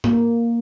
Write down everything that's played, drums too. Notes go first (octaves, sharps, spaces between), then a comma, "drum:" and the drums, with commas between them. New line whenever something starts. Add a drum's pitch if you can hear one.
A#3, drum: tom G#2